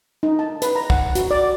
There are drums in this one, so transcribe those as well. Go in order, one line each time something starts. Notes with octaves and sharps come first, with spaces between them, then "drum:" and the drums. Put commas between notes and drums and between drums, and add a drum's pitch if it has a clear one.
D#4
A5
B4, drum: hi-hat
A#5
F#5, drum: kick
F#4, drum: hi-hat
D5